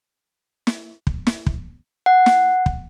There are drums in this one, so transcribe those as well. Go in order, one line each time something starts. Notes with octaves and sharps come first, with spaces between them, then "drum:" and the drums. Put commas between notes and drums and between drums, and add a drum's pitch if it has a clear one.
drum: snare
drum: kick
drum: snare
drum: kick
F#5
drum: snare
drum: kick